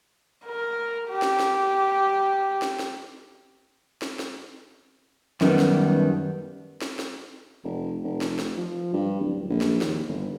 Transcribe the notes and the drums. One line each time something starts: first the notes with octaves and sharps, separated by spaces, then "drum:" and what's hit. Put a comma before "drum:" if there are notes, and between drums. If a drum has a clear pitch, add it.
A#4
G4
drum: snare
drum: snare
drum: snare
drum: snare
drum: snare
drum: snare
F#2 D#3 G3 B3, drum: snare
drum: snare
drum: snare
drum: snare
F1
F1
drum: snare
drum: snare
F3
G2
D1
A#1
drum: snare
D#2, drum: snare
G1